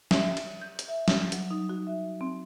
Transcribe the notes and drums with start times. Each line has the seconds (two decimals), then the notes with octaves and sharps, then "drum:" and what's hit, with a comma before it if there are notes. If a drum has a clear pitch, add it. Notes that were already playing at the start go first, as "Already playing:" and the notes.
0.11 E5, drum: snare
0.37 drum: cymbal
0.61 G6
0.79 drum: hi-hat
0.88 E5
1.08 G3, drum: snare
1.32 F#3, drum: hi-hat
1.51 D#4
1.69 F#4
1.87 E5
2.21 C4